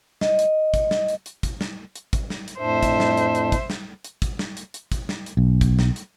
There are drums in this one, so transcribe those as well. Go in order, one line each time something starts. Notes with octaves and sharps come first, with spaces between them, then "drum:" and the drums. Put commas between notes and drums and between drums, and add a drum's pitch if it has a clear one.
D#5, drum: snare
drum: hi-hat
drum: kick, hi-hat
drum: snare
drum: hi-hat
drum: hi-hat
drum: kick, hi-hat
drum: snare
drum: hi-hat
drum: kick, hi-hat
drum: snare
drum: hi-hat
F2 A2 D4 C5 E5
drum: kick, hi-hat
drum: snare
drum: hi-hat
drum: hi-hat
drum: kick, hi-hat
drum: snare
drum: hi-hat
drum: kick, hi-hat
drum: snare
drum: hi-hat
drum: hi-hat
drum: kick, hi-hat
drum: snare
drum: hi-hat
B1
drum: kick, hi-hat
drum: snare
drum: hi-hat